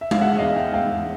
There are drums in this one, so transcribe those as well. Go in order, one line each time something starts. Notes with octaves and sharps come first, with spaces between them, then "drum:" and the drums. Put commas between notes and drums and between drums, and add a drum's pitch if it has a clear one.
E5
F5, drum: tom G#3
G#3 E5 F#5
E2 D#5 F5
G#3 F5 G5
E2 F5 G5
E2